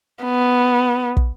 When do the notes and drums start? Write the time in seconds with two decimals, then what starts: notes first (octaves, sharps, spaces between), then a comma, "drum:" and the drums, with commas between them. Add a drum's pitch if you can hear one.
0.23 B3
1.17 drum: kick